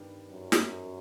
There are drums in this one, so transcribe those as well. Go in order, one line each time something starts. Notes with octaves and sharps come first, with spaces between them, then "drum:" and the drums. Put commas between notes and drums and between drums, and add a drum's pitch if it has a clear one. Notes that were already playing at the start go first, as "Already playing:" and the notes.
Already playing: G2 D#3 G3 B3 D4
F#2
drum: snare